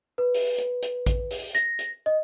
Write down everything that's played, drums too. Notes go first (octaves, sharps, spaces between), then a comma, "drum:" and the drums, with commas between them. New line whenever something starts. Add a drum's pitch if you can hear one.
B4
drum: open hi-hat
drum: hi-hat
drum: hi-hat
drum: kick A1, hi-hat
drum: open hi-hat
A#6, drum: hi-hat
drum: hi-hat
D#5